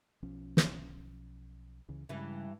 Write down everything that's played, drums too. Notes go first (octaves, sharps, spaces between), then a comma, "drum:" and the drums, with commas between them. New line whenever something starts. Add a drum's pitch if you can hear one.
B1 F3 C#4
drum: snare
C#2 C#3 E3
G2 C#3 E3 G#3